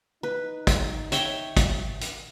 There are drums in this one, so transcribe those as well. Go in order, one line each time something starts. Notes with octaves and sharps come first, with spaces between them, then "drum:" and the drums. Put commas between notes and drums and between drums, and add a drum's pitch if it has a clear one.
D#4 B4
drum: kick, hi-hat
C#5 E5 G5, drum: hi-hat
drum: kick, hi-hat
drum: hi-hat